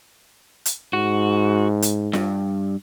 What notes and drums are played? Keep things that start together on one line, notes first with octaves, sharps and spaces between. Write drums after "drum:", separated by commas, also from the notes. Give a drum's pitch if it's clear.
drum: hi-hat
G#2 F#4
drum: hi-hat
G2, drum: snare F4